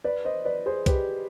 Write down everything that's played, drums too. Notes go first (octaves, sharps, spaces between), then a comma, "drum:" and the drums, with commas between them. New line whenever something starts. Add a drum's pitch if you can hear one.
B4 D5
C5 D#5
B4 D5
G#4 C5
G4 B4, drum: kick C2, hi-hat